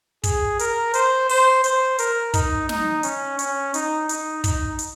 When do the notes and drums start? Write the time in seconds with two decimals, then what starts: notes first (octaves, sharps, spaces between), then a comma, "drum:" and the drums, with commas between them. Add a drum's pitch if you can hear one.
0.24 G#4, drum: kick, hi-hat
0.59 A#4, drum: hi-hat
0.94 C5, drum: hi-hat
1.29 C5, drum: open hi-hat
1.64 C5, drum: hi-hat
1.99 A#4, drum: hi-hat
2.34 D#4, drum: kick, hi-hat
2.69 D#4, drum: snare
3.03 C#4, drum: hi-hat
3.39 C#4, drum: hi-hat
3.74 D#4, drum: hi-hat
4.09 D#4, drum: hi-hat
4.44 D#4, drum: kick, hi-hat
4.79 drum: hi-hat